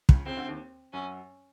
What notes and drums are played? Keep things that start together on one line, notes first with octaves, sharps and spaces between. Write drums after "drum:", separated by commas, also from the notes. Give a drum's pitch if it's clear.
C#2 C#3, drum: kick
C#2 C#3 C4
D2 D3
D#2 D#3
F#2 F#3 C#4